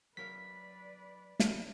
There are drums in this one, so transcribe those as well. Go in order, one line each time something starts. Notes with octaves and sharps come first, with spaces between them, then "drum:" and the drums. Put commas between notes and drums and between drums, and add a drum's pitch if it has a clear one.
F#3 A#4 B4 D5 F5 B6
drum: snare